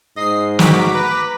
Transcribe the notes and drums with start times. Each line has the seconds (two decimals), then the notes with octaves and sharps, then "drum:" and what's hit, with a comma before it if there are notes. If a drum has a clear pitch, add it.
0.17 G#2 D#5 C7
0.59 F#4 A#5 D6 B6, drum: snare
0.94 B4